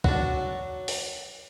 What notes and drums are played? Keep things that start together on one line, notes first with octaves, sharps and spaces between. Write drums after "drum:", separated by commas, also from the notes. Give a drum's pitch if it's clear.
F#3 D4 F#4, drum: kick
drum: open hi-hat